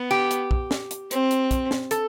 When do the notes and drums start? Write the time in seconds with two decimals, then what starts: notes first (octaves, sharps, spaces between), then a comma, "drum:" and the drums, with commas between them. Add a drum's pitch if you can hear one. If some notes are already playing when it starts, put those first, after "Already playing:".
Already playing: B3
0.11 G4
0.31 drum: hi-hat
0.51 drum: kick
0.71 drum: snare
0.91 drum: hi-hat
1.11 C4, drum: hi-hat
1.31 drum: hi-hat
1.51 drum: kick, hi-hat
1.71 drum: snare
1.91 A4, drum: hi-hat